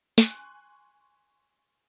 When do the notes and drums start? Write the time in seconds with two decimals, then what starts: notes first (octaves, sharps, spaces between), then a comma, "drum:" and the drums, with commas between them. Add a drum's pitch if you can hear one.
0.18 G#5 C6 C#6 F#6, drum: snare